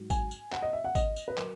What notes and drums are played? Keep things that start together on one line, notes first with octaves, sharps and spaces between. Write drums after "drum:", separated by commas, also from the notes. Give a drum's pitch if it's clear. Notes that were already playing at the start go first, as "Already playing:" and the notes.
Already playing: G#2 F#3
G#5, drum: kick G#1, tambourine
drum: tambourine
F#5, drum: clap
D#5
E5
F#5
D#5, drum: kick G#1, tambourine
drum: tambourine
B4
F#3 A#4, drum: clap